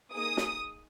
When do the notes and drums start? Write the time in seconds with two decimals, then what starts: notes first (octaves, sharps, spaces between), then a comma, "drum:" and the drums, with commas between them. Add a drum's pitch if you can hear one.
0.13 A#3 D#4 G#4 D#6
0.37 drum: snare